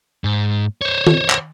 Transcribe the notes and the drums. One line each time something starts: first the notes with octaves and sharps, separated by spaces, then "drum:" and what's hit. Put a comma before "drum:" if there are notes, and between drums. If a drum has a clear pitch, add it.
G#2
C5 C#5
drum: tom D#3
drum: clap